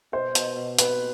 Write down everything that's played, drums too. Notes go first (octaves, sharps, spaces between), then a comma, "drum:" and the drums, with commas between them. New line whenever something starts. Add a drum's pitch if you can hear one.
B2 C5
B2, drum: hi-hat
B2
C4 B4, drum: hi-hat